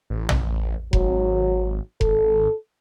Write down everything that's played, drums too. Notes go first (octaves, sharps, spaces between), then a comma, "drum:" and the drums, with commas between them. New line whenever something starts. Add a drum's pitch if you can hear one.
A1
drum: tom A#1
G#1 F#3, drum: kick F1
G#1 A4, drum: kick F1